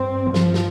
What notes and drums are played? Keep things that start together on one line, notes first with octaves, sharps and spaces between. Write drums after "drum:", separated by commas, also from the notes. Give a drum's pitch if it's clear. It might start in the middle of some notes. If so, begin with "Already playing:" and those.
Already playing: G2 C4
F3, drum: snare
drum: snare